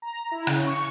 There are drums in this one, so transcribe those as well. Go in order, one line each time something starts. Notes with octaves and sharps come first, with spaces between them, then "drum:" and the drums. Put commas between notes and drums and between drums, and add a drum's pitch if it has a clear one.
A#5
E4
C#3, drum: rim click
C#6